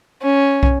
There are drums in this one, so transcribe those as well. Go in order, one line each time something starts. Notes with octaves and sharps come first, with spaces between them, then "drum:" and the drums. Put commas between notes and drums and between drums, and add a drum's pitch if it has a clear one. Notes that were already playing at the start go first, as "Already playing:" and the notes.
C#4
drum: kick